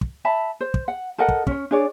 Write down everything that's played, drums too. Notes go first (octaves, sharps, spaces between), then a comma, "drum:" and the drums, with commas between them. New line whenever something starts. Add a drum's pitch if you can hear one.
drum: kick
E5 A5 B5
C5
drum: kick
F#5
A4 A#4 D#5 F#5
drum: kick
C#4 C#5, drum: kick
D4 G#4 C#5 D5